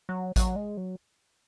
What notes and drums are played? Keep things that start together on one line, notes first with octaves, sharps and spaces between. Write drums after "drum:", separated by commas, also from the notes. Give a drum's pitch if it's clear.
F#3
F#3, drum: kick A1, hi-hat
G#3
F#3